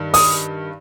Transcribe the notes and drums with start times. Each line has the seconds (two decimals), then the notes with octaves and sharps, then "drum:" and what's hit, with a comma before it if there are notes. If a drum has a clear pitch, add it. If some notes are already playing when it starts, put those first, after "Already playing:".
Already playing: G2 D#3
0.14 D#6, drum: open hi-hat